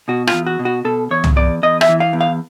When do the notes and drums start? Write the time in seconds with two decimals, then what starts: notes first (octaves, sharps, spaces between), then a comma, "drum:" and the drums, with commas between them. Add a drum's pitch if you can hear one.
0.08 B2 F#4
0.27 F4, drum: rim click
0.33 E2
0.47 F#4
0.59 B2
0.65 F#4
0.85 B2 A4
1.11 E2 C#5
1.24 drum: tom
1.36 E2 D5
1.63 E2 D#5
1.81 E5, drum: rim click
1.89 E3
2.00 F5
2.13 E2
2.21 F5